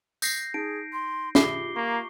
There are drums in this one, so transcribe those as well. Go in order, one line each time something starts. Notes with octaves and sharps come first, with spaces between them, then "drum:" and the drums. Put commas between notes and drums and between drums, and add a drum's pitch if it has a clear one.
D#6 G6 A#6 C7, drum: tambourine
D#4 G#4 D7
C6
F4 G4 G#4 E5 D6 C7 G7, drum: snare
A#3 A#5 C#6